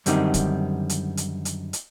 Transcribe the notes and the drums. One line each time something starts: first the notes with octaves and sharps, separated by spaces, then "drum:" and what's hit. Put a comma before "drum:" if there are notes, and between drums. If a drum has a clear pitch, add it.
F#2 D3 D#3 G3 C4 D#4, drum: hi-hat
drum: kick C#1, hi-hat
drum: hi-hat
drum: hi-hat
drum: hi-hat
drum: hi-hat